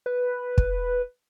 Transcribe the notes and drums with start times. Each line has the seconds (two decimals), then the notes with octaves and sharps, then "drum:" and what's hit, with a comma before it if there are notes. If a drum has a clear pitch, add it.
0.06 B4
0.58 drum: kick